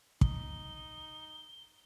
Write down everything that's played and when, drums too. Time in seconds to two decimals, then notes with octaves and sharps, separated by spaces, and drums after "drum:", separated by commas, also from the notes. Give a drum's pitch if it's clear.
0.21 D#4 G7, drum: kick